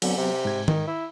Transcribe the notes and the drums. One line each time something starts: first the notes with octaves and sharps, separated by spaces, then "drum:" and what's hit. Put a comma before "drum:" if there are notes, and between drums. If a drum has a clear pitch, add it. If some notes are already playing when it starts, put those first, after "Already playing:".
D3 F#3 B3 C4, drum: cymbal
C3
G#2 G#6
D#3, drum: tom D#3
E4